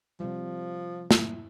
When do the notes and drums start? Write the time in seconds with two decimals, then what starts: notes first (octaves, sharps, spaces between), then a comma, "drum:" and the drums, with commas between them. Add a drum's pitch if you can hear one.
0.20 C3 F3 G3
1.11 E4, drum: snare